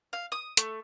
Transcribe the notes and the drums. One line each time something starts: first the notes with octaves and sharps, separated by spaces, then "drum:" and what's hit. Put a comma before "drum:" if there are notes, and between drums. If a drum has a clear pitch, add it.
F5
D#6
A3, drum: hi-hat